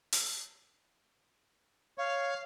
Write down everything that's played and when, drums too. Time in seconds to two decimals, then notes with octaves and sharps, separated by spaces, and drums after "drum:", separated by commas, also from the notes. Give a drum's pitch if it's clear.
0.12 drum: open hi-hat
1.98 C#5 F5